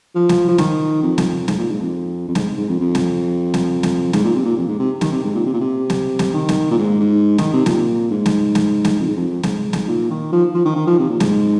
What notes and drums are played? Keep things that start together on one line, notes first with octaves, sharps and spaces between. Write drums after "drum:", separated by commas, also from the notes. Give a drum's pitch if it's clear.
F3
drum: snare
F3
D#3, drum: snare
F2
drum: snare
G#2, drum: snare
A#2
G#2
F2
F2
G#2, drum: snare
G#2
F2
F2
drum: snare
drum: snare
drum: snare
G#2, drum: snare
A#2
C3
A#2
F2
G#2
C3
D#3, drum: snare
C3
G#2
A#2
C3
A#2
C3
drum: snare
drum: snare
D#3
drum: snare
A#2
G#2
G#2
D#3, drum: snare
C3
A#2, drum: snare
G#2
drum: snare
drum: snare
drum: snare
F2
G#2
F2
G#2, drum: snare
drum: snare
A#2
D#3
F3
F3
D#3
D#3
F3
C3
A#2
G#2, drum: snare